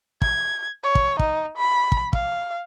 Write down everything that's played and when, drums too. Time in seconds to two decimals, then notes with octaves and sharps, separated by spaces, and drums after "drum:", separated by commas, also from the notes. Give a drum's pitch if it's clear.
0.22 G#6, drum: kick
0.83 C#5
0.95 drum: kick
1.19 D#4, drum: kick
1.57 B5
1.92 drum: kick
2.13 F5, drum: kick